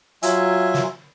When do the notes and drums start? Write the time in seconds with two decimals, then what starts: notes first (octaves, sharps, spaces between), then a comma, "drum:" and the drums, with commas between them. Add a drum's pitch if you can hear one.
0.23 F#3 F4 E5 G#5, drum: hi-hat
0.74 drum: snare